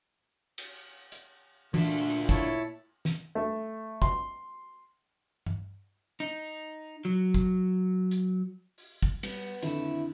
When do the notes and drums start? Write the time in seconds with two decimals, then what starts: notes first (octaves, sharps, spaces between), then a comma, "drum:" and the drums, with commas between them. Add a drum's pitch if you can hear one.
0.58 drum: cymbal
1.12 drum: hi-hat
1.74 D2 A#2 D3 E5, drum: tom E3
2.29 A2 E4 C#5 A5, drum: kick
3.05 drum: snare
3.35 A3
4.02 C6, drum: kick
5.46 drum: tom G2
6.20 D#4
7.05 F#3
7.34 drum: kick
8.11 drum: hi-hat
8.78 drum: open hi-hat
9.02 drum: kick
9.23 G3 B3, drum: cymbal
9.63 F2 D3 D#3 A3 E4, drum: hi-hat